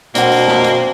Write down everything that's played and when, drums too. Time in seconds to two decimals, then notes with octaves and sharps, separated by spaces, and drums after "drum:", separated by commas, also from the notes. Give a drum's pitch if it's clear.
0.15 B2 A#3 C4 D4 F#5, drum: hi-hat
0.31 drum: open hi-hat
0.48 drum: snare
0.64 drum: hi-hat